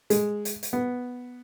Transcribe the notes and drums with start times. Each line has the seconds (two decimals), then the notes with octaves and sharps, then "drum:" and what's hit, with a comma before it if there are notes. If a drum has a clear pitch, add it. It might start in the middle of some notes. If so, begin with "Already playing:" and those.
0.10 G#3, drum: hi-hat
0.45 drum: hi-hat
0.63 drum: hi-hat
0.73 B3